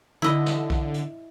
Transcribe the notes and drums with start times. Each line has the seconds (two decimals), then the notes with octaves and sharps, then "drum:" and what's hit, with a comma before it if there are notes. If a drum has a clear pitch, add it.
0.22 D3 E4 D#5
0.46 drum: snare
0.70 drum: kick B1
0.94 drum: hi-hat